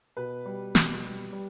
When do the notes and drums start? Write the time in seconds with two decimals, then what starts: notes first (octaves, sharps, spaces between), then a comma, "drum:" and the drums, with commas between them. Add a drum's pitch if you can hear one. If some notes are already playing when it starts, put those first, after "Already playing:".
0.17 B2 B4
0.46 G3
0.75 B2, drum: snare
1.04 G3
1.32 G3